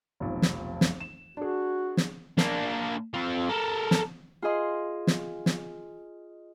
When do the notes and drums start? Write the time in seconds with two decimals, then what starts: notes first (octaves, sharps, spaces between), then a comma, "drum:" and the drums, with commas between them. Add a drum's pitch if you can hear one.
0.20 F1 B1 F2
0.42 drum: snare
0.81 drum: snare
1.00 E7
1.37 D4 F#4 G#4
1.97 drum: snare
2.38 A#3 D4, drum: snare
3.14 C4 F4
3.49 A4 A#4
3.91 drum: snare
4.42 F4 G#4 D#5 C6
5.07 drum: snare
5.46 drum: snare